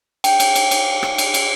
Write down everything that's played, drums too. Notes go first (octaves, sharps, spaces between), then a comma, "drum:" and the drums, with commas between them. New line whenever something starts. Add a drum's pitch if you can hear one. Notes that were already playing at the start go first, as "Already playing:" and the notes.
G5, drum: cymbal
drum: cymbal
drum: cymbal
drum: cymbal
drum: rim click
drum: cymbal
drum: cymbal